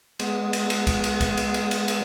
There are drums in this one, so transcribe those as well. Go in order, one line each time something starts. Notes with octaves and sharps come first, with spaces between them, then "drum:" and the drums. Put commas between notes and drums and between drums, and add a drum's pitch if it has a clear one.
G#3 B3, drum: cymbal
drum: cymbal
drum: cymbal
drum: kick C2, cymbal
drum: cymbal
drum: kick C2, cymbal
drum: cymbal
drum: cymbal
drum: cymbal
drum: cymbal